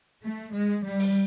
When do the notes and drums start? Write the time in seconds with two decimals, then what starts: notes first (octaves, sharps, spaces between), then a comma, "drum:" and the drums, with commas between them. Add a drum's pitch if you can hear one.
0.22 A3
0.54 G#3
0.85 G3
0.99 drum: open hi-hat